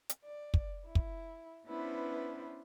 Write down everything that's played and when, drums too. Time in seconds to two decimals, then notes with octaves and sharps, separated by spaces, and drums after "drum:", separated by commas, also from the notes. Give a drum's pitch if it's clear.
0.09 drum: hi-hat
0.24 D5
0.54 drum: kick
0.85 E4
0.95 drum: kick
1.66 B3 C#4 D4 E4 B4 C5